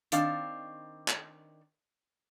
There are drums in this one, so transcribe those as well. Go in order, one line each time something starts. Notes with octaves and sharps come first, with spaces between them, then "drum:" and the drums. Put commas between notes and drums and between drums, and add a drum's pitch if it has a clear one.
D#3 C4 D4 F5, drum: hi-hat
drum: clap